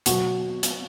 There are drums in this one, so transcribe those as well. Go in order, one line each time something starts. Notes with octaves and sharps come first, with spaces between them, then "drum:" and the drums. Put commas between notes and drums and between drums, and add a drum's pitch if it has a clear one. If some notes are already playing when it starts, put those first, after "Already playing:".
B2 F#3 F#4, drum: hi-hat
drum: hi-hat